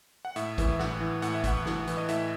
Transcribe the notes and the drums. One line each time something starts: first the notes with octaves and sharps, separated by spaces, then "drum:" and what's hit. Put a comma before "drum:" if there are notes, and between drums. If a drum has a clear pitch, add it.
F#5
A2 E5, drum: hi-hat
E3, drum: kick G#1, hi-hat
A2 F#5, drum: snare
E3
A2 F#5, drum: hi-hat
E5
E3 F#5, drum: kick G#1, hi-hat
A2, drum: snare
E3, drum: hi-hat
D#5
A2 E5, drum: hi-hat